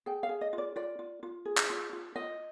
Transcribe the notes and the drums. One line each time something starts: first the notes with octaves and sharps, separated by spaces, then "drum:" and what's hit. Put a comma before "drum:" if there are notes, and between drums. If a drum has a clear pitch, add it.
G#4 G5
F5
G#4
D#5
F4
D5
F4 D5
F4
F4
G#4
drum: clap
F4
F4
F4 D#5